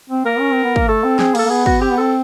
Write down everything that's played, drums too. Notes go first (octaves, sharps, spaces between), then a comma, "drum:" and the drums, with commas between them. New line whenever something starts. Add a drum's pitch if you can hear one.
C4
A#3 A#4
C#4
C4
B3
A#3, drum: kick
A3 A4
C4
C4 G#4, drum: snare
A#3, drum: cymbal
A4
A#3
B3 G#4
F#4, drum: kick
C4 G4
B3
C4 A4